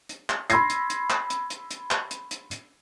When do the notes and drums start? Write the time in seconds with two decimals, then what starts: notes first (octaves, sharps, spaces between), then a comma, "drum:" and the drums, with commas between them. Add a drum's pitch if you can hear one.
0.09 drum: hi-hat
0.29 drum: clap
0.50 B5 C6 E6 G#6 A#6 C7, drum: hi-hat
0.70 drum: hi-hat
0.90 drum: hi-hat
1.10 drum: clap
1.30 drum: hi-hat
1.50 drum: hi-hat
1.71 drum: hi-hat
1.91 drum: clap
2.11 drum: hi-hat
2.31 drum: hi-hat
2.51 drum: hi-hat